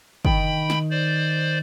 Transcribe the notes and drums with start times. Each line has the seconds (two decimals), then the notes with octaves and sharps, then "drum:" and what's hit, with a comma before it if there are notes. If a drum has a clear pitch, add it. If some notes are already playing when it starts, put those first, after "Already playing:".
0.25 D#3 G5 B5, drum: kick
0.70 drum: snare
0.91 C5 D5